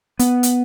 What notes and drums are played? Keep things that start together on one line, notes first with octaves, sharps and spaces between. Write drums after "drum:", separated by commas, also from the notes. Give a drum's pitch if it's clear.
B3, drum: hi-hat
drum: hi-hat